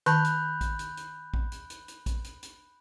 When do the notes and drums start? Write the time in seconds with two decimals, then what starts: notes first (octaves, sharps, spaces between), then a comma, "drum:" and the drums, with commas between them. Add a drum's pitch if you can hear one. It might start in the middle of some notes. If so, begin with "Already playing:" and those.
0.06 D#3 A5 B5 F#6 G6, drum: hi-hat
0.24 drum: hi-hat
0.61 drum: kick A1, hi-hat
0.79 drum: hi-hat
0.97 drum: hi-hat
1.34 drum: kick A1
1.52 drum: hi-hat
1.70 drum: hi-hat
1.88 drum: hi-hat
2.06 drum: kick A1, hi-hat
2.24 drum: hi-hat
2.43 drum: hi-hat